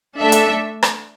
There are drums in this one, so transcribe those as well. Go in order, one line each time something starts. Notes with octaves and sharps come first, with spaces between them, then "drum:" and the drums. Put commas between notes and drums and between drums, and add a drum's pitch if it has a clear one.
A3 D4 A4 E5
drum: hi-hat
drum: rim click